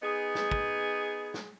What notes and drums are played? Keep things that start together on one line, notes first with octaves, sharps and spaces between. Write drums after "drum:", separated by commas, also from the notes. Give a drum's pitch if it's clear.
B3 D#4 G#4
drum: snare
drum: kick
drum: snare